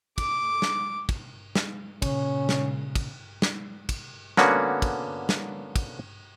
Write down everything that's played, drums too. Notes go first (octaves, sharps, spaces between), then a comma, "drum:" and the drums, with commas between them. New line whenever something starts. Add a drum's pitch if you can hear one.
D6, drum: kick, cymbal
drum: snare
drum: kick, cymbal
drum: snare
A#2 C#3 C#4, drum: kick, cymbal
drum: snare
drum: kick, cymbal
drum: snare
drum: kick, cymbal
D3 A#3 B3 C#4 F#4, drum: snare
drum: kick, cymbal
drum: snare
drum: kick, cymbal